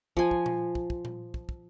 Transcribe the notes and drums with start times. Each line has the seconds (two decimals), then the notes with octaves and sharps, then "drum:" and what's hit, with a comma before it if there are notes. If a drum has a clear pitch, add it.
0.17 F3 G#5, drum: kick
0.31 drum: kick
0.46 drum: tom A#2
0.75 drum: kick
0.90 drum: kick
1.05 drum: tom A#2
1.34 drum: kick
1.49 drum: kick